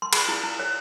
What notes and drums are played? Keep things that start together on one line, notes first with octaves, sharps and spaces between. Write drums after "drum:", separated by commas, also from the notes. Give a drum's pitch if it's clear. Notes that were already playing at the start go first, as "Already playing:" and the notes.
C6
G#4 B5, drum: cymbal
E4
E4
C#5